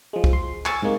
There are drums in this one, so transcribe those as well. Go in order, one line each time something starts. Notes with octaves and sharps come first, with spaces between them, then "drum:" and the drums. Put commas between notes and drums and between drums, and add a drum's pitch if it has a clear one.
F3 G#3
drum: kick
C6
G#5 C#6 E6 G#6 A6, drum: clap
G#2 C3 G#3 A#3